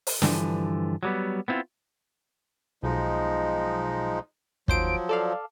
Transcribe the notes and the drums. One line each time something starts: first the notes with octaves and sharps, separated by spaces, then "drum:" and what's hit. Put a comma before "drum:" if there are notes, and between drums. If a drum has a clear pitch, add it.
drum: open hi-hat
G2 D3 E3 F3, drum: snare
F#3 G3 B3
B3 C4 E4 F4
B1 F3 G#3 D#4
D#2 F3 F#3 C5 D7, drum: kick
A4 D5 F5